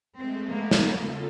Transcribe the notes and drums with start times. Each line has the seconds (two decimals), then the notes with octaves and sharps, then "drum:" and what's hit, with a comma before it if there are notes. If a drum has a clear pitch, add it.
0.17 G#3 A3 C4
0.50 A#3 B3
0.71 drum: snare
0.96 C#3 F4 A4